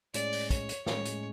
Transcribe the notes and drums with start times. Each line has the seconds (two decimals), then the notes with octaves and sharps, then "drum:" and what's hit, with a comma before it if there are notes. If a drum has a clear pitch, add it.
0.14 A2 G#3 C#4 D5, drum: hi-hat
0.32 drum: open hi-hat
0.50 C#5, drum: kick, hi-hat
0.69 drum: hi-hat
0.86 A2 G#3 C#4 C#5, drum: snare
1.05 drum: hi-hat